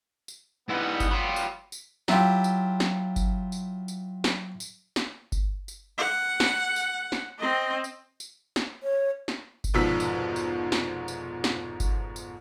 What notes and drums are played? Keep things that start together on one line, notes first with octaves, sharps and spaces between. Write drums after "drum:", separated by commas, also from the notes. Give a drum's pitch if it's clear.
drum: tambourine
G#2 G3 B3 E4 D#5
drum: kick G1, tambourine
F#3 F4 G5 B5
drum: tambourine
drum: tambourine
F#3 E4 F4 G4, drum: snare
drum: tambourine
drum: snare
drum: kick G1, tambourine
drum: tambourine
drum: tambourine
drum: snare
drum: tambourine
drum: snare
drum: kick G1, tambourine
drum: tambourine
F#5
drum: snare
drum: tambourine
drum: snare
C4 D#5
drum: tambourine
drum: tambourine
drum: snare
C#5
drum: snare
drum: kick G1, tambourine
F1 G#2 B2 F3 E6 B6
drum: tambourine
drum: tambourine
drum: snare
drum: tambourine
drum: snare
drum: kick G1, tambourine
drum: tambourine